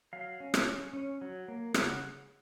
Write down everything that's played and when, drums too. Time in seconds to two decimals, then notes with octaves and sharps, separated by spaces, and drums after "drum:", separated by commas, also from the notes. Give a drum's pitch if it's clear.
0.13 F#3 F5
0.40 C#4
0.54 drum: rim click
0.68 C#4
0.93 C#4
1.21 F#3
1.48 A#3
1.74 C#3 F#5, drum: rim click